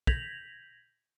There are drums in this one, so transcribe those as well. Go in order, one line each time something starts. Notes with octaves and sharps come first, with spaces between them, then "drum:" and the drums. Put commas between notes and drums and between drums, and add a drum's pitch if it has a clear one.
G6 G#6 A#6 B6 F7 F#7, drum: kick